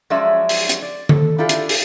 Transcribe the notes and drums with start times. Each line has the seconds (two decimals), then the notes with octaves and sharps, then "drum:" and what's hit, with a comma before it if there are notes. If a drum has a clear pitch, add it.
0.10 F3 F#3 G#3 C#4 D5 E5
0.49 drum: open hi-hat
0.69 drum: hi-hat
0.82 D5
1.09 A4, drum: tom D3
1.38 D4 E4 F4 G4 A4
1.49 drum: hi-hat
1.69 drum: open hi-hat